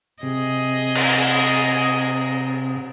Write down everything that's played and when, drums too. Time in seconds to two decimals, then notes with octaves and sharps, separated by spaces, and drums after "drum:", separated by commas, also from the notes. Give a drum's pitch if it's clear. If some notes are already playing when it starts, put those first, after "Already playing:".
0.23 C3 G#4 D#5
0.95 drum: cymbal